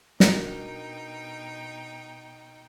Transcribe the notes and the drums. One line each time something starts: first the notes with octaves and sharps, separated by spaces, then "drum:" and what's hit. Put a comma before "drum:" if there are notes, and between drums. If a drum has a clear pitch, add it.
B2 D4 D#4 F#4 A#4 G5, drum: snare